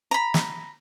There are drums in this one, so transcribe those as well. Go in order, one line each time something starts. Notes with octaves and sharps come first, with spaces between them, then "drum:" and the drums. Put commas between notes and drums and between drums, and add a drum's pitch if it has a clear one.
A#5 B5
drum: snare